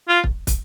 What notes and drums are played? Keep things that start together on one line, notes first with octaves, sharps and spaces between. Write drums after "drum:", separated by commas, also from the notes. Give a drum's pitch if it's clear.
F4
drum: kick
drum: kick, hi-hat